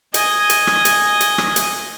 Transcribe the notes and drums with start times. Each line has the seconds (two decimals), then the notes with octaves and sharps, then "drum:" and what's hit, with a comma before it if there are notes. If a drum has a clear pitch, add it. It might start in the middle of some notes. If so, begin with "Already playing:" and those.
0.14 D#5 G#5, drum: hi-hat
0.50 drum: hi-hat
0.67 drum: rim click
0.85 drum: hi-hat
1.20 drum: hi-hat
1.38 drum: rim click
1.56 drum: hi-hat